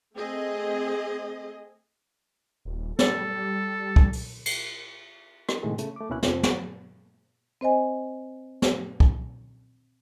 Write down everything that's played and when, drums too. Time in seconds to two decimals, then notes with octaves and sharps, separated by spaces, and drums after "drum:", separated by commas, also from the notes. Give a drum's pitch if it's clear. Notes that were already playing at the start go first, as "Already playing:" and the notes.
0.15 A3 C4 G#4 D#5
2.65 D#1
2.99 G3 A4, drum: snare
3.96 drum: kick
4.13 drum: open hi-hat
4.46 drum: cymbal
5.49 drum: rim click
5.63 A2 C3 D#3 G#3 A3
5.78 C#3 A3, drum: hi-hat
5.96 A3 D6
6.09 C#2 B2 A#3 C#4 E4 F#6
6.23 F2 C3 F3 C4, drum: snare
6.43 F#4 C5, drum: snare
7.61 C4 C5 D#5 G#5
8.62 drum: snare
9.00 drum: kick